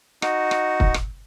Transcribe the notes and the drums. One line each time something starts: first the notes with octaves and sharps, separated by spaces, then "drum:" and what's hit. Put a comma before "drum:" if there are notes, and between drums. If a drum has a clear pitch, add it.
D#4 F#4, drum: rim click
drum: rim click
drum: kick
drum: rim click